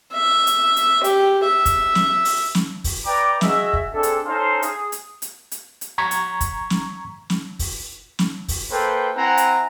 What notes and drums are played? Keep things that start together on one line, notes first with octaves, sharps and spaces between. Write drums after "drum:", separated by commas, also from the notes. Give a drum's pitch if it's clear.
E5
drum: hi-hat
drum: hi-hat
G4, drum: hi-hat
E5
drum: kick, hi-hat
drum: snare
drum: open hi-hat
drum: snare
drum: kick, open hi-hat
B4 D5 G5 A#5 D6
F#4 G#4 D#5 E5, drum: snare
drum: kick
C4 D4 G#4 A4
drum: hi-hat
C#4 D#4 A4 C5 F5 C6
G#4, drum: hi-hat
drum: hi-hat
drum: hi-hat
drum: hi-hat
drum: hi-hat
A#5 C#6 G#6 B6
drum: hi-hat
drum: kick, hi-hat
drum: snare
drum: snare
drum: kick, open hi-hat
drum: snare
drum: kick, open hi-hat
A#3 A4 B4 C5 G5
C4 E4 F#5 G#5 A#5
drum: hi-hat